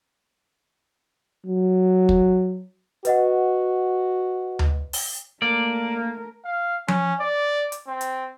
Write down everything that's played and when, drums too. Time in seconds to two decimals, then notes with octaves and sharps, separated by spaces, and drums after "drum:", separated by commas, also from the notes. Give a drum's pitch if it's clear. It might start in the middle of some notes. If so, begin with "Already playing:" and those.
1.47 F#3
2.09 drum: kick
3.05 F#4 B4 D#5 F#5, drum: hi-hat
4.59 drum: tom D2
4.93 drum: open hi-hat
5.42 A3 A#3 A#4 D5
6.45 F5
6.88 C#4, drum: tom F3
7.21 D5
7.72 drum: hi-hat
7.87 C4
8.01 drum: hi-hat